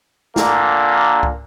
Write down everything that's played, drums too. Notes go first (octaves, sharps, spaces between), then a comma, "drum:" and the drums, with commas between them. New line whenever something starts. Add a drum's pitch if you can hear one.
A#2 D3 A#3, drum: snare
drum: kick C2